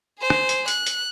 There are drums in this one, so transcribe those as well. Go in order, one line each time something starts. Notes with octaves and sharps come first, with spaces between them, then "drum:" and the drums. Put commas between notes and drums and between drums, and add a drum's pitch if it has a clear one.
G#4 C5
drum: rim click
drum: hi-hat
F#6, drum: hi-hat
drum: hi-hat